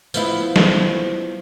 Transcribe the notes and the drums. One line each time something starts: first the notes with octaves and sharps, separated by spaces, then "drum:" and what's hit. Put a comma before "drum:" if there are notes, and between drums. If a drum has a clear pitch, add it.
F3 B3 E4, drum: tambourine
drum: snare F#3